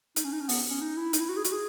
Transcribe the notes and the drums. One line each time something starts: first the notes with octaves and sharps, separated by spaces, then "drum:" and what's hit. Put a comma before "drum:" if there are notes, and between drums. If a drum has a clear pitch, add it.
D#4, drum: hi-hat
C#4
D#4
C#4
B3, drum: open hi-hat
C#4
D#4
E4
D#4, drum: hi-hat
E4
F#4
G#4
F#4, drum: hi-hat
G#4